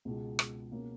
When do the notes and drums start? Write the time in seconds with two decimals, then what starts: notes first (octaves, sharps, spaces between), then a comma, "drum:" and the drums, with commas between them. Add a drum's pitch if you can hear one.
0.05 C#2 B2 G#3
0.39 drum: rim click
0.72 B2 A#3 C#4